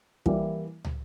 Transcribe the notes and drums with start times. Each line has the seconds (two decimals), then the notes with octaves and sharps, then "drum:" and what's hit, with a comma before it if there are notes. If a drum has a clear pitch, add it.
0.26 E3 G3 A#3 E4, drum: kick
0.85 drum: tom